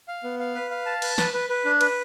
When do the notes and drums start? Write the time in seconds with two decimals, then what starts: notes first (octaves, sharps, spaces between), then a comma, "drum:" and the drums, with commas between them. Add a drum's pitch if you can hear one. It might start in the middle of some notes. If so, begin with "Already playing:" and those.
0.08 F5
0.24 B3
0.39 F5
0.55 B4
0.71 F5
0.86 A5
1.02 B4, drum: cymbal
1.18 B4, drum: snare
1.34 B4
1.50 B4
1.65 D4
1.81 B4, drum: cymbal